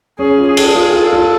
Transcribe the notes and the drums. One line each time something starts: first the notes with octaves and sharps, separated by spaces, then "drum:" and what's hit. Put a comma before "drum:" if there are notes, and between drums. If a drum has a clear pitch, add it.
C#4 G#4
F4
G#4
A4, drum: cymbal
F4 G#4
F4
A4
F4